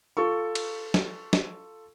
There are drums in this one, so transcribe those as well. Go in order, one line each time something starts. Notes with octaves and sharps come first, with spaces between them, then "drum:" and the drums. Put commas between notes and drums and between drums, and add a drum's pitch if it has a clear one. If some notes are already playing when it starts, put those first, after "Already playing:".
F4 A4 C#6
drum: cymbal
drum: snare
drum: snare